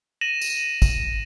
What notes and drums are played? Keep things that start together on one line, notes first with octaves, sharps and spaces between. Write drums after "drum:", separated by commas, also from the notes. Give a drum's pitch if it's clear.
A#6 D#7 E7 F#7
drum: tambourine
drum: kick, tambourine